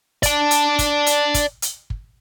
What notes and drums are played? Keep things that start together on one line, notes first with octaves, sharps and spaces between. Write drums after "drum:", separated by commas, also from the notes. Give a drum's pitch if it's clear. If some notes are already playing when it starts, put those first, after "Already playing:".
D5 A5, drum: kick, hi-hat
drum: hi-hat
drum: kick, hi-hat
drum: hi-hat
drum: kick, hi-hat
drum: hi-hat
drum: kick